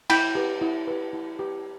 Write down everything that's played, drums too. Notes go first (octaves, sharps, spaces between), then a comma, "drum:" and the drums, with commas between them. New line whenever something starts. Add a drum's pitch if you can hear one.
E4 G5 B5, drum: cymbal
G4 B4
E4
G4 B4
E4
G4 B4